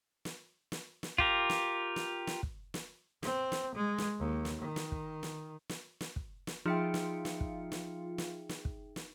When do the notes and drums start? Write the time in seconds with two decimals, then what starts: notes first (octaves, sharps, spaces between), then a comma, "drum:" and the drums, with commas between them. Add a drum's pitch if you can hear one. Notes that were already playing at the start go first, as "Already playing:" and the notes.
0.25 drum: snare
0.72 drum: snare
1.03 drum: snare
1.18 F4 G4 A#4, drum: kick
1.50 drum: snare
1.96 drum: snare
2.27 drum: snare
2.43 drum: kick
2.74 drum: snare
3.23 C4, drum: snare
3.52 drum: snare
3.75 G#3
3.98 drum: snare
4.19 D#2
4.45 drum: snare
4.62 D#3
4.76 drum: snare
4.92 drum: kick
5.23 drum: snare
5.69 drum: snare
6.01 drum: snare
6.16 drum: kick
6.47 drum: snare
6.66 F3 D#4 F4 G#4 E5 G5 C#7
6.94 drum: snare
7.25 drum: snare
7.41 drum: kick
7.72 drum: snare
8.18 drum: snare
8.49 drum: snare
8.65 drum: kick
8.96 drum: snare